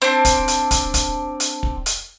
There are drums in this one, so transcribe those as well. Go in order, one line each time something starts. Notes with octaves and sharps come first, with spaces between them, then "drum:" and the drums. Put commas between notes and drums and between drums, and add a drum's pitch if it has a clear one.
C4 D4
drum: kick, hi-hat
drum: hi-hat
drum: kick, hi-hat
drum: kick, hi-hat
drum: hi-hat
drum: kick
drum: hi-hat